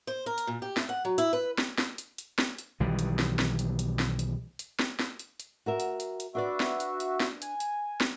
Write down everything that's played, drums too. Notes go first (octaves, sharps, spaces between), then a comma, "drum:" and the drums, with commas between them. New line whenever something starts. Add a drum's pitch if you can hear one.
C5
A#4
drum: hi-hat
A#2
G4
A3, drum: snare
F#5
F#3
E4, drum: hi-hat
B4
drum: snare
drum: snare
drum: hi-hat
drum: hi-hat
drum: snare
drum: hi-hat
B1 D#3 E3 G3
drum: hi-hat
drum: snare
drum: snare
drum: hi-hat
drum: hi-hat
drum: snare
drum: hi-hat
drum: hi-hat
drum: snare
drum: snare
drum: hi-hat
drum: hi-hat
F#4 A#4 E5
drum: hi-hat
drum: hi-hat
drum: hi-hat
D4 F#4 B4 D5 E5
drum: snare
drum: hi-hat
drum: hi-hat
drum: snare
G#5, drum: hi-hat
drum: hi-hat
drum: snare